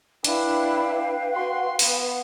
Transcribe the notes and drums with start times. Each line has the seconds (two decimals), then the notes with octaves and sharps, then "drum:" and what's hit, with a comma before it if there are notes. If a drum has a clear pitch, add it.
0.24 D4 E4 B4 F5 G5, drum: hi-hat
1.33 F#4 C6
1.79 B3, drum: open hi-hat